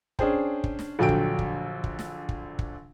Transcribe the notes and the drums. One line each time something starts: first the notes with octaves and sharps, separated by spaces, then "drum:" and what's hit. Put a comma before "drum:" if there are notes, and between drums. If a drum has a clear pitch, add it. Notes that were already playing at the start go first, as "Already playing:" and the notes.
C#4 D4 G#4 C5 G5, drum: kick
drum: kick
drum: snare
A#1 D3 F#3 G5 D7
drum: kick
drum: kick
drum: kick
drum: snare
drum: kick
drum: kick